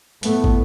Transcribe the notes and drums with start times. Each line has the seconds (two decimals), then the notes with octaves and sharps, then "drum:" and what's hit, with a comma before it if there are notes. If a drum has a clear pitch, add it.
0.23 A2 A3 B3, drum: hi-hat
0.44 drum: kick